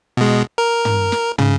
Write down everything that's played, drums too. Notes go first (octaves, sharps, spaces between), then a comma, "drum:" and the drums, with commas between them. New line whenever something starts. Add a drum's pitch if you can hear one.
B2 G#3
A#4
drum: tom
drum: snare
C#3, drum: tom